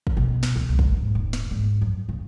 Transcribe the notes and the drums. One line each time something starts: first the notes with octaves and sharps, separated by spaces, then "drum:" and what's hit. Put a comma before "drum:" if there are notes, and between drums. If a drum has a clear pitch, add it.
drum: kick
B2
drum: snare
D2
C#2
drum: kick
G#2
D#1
drum: snare
G#1
F#2
C#3